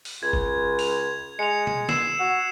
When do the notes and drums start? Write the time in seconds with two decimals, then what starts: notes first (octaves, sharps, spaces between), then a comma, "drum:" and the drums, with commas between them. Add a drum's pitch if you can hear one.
0.05 drum: open hi-hat
0.23 C#2 G#6
0.33 drum: kick G1
0.79 F7, drum: open hi-hat
1.39 G#3 C#7 F7
1.67 drum: tom B2
1.89 E6 C7 E7, drum: snare
2.20 F#4